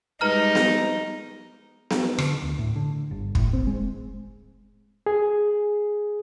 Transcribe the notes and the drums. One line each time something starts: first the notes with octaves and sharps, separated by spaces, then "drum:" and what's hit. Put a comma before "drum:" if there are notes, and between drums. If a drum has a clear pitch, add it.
G3 G#3 D#4 B4 A#5 F6
drum: snare B3
drum: snare B3
D3, drum: rim click
D2
A2
D3
G1
A2, drum: kick
C4
G#3
G#4